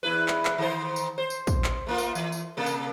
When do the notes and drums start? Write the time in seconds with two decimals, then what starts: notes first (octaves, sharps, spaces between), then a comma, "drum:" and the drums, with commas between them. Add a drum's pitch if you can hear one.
0.03 E2 E4 B4
0.28 drum: clap
0.45 drum: clap
0.58 D#3 A4 C5
0.96 drum: tambourine
1.18 C5
1.30 drum: tambourine
1.47 drum: kick, tambourine
1.64 drum: clap
1.87 A3 A#3 F4
1.98 drum: tambourine
2.15 E3, drum: tambourine
2.32 drum: tambourine
2.57 C3 A#3 A4
2.66 drum: tambourine